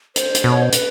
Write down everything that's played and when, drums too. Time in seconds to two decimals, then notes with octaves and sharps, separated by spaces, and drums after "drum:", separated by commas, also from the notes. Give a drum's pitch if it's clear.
0.16 C5, drum: hi-hat
0.35 drum: hi-hat
0.44 B2
0.50 C#5
0.61 C5
0.72 B4, drum: hi-hat